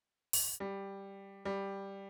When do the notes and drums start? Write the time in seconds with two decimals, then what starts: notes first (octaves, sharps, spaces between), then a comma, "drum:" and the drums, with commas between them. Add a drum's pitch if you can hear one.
0.33 drum: open hi-hat
0.60 G3
1.45 G3